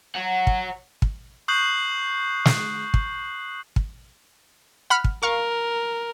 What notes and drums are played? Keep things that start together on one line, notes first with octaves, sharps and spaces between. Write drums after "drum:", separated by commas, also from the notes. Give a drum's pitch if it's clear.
C#5 F#5
drum: kick
drum: kick
C#6 D#6 F#6 G6 C7 F#7
drum: snare
drum: kick
drum: kick
F#5 B5 F6
drum: kick
A#4 F5 C#6